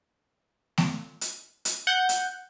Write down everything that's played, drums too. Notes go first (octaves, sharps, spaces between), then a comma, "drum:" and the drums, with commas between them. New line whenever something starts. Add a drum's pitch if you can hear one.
drum: snare A3
drum: hi-hat
drum: hi-hat
F#5 G6
drum: hi-hat